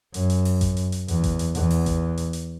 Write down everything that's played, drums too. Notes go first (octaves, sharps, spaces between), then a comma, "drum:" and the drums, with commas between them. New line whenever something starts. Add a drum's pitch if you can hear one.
F#2, drum: hi-hat
drum: hi-hat
drum: open hi-hat
drum: kick A1, hi-hat
drum: hi-hat
drum: hi-hat
E2, drum: hi-hat
drum: kick A1, hi-hat
drum: hi-hat
E2, drum: hi-hat
drum: open hi-hat
drum: kick A1, hi-hat
drum: hi-hat
drum: hi-hat